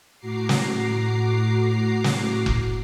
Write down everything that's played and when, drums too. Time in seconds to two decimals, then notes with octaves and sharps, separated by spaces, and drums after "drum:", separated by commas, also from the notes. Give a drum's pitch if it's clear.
0.19 A2 F#4 A#5 D6 C7
0.49 drum: snare
2.04 drum: snare
2.46 drum: kick F1